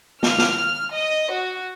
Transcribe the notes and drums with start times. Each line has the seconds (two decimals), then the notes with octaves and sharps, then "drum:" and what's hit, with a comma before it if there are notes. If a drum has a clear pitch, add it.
0.23 F6, drum: snare
0.38 drum: snare
0.93 D#5
1.32 F#4